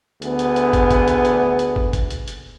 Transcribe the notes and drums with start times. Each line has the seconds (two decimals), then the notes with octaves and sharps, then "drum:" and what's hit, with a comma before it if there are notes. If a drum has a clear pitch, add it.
0.22 D2 B3 G#4, drum: hi-hat
0.39 drum: hi-hat
0.56 drum: hi-hat
0.73 drum: kick, hi-hat
0.90 drum: kick, hi-hat
1.08 drum: hi-hat
1.25 drum: hi-hat
1.59 drum: hi-hat
1.76 drum: kick
1.93 drum: kick, hi-hat
2.10 drum: hi-hat
2.28 drum: hi-hat